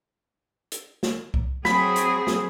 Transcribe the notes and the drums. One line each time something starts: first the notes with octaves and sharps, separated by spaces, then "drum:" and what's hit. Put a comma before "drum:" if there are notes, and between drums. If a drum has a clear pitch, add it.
drum: hi-hat
drum: snare
drum: kick C2
F#3 C4 G#4 B5, drum: snare
drum: hi-hat
drum: snare